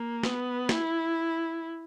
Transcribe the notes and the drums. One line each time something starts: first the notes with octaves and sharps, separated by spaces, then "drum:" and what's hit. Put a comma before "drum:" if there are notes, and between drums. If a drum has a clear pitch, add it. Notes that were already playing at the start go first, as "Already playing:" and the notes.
Already playing: A#3
B3, drum: snare
E4, drum: snare